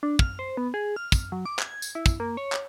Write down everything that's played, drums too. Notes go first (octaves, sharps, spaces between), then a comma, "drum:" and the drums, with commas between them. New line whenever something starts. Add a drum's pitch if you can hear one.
D4
F6, drum: kick
C5
B3
G#4
F6
drum: kick, tambourine
F#3
D6
G#6, drum: clap
drum: tambourine
E4
drum: kick, tambourine
A#3
C#5
drum: clap